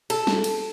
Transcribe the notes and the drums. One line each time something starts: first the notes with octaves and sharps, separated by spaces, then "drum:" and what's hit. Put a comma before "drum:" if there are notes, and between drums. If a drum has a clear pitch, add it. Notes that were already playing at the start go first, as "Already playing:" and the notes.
A4, drum: cymbal
drum: snare
drum: cymbal